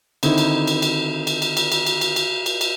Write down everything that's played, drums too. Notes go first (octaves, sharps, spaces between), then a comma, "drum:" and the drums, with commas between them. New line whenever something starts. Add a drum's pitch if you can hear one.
D3 D#3 C4 D#4 E4, drum: cymbal
drum: cymbal
drum: cymbal
drum: cymbal
drum: cymbal
drum: cymbal
drum: cymbal
drum: cymbal
drum: cymbal
drum: cymbal
drum: cymbal
drum: cymbal
drum: cymbal